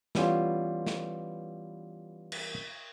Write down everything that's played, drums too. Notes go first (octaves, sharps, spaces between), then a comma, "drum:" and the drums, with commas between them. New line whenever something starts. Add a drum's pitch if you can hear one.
E3 G3 B3 C#4 F4, drum: snare
drum: snare
drum: cymbal